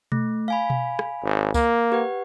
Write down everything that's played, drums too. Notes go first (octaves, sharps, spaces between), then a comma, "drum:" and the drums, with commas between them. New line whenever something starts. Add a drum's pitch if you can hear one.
A3, drum: tom B2
F5 G#5 B5
drum: tom B2
drum: rim click
G#1
A#3, drum: kick C#2, tambourine
G4 B4 F#5